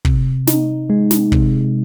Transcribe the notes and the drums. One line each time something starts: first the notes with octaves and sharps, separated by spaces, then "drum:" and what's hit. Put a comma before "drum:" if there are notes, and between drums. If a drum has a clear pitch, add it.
C3, drum: kick
D#4, drum: snare
G#3
drum: snare
C3, drum: kick